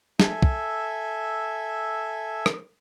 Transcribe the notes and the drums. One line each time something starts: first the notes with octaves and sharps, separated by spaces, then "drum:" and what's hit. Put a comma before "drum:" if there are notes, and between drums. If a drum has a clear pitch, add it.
A4 E5 G#5, drum: snare
drum: kick
drum: rim click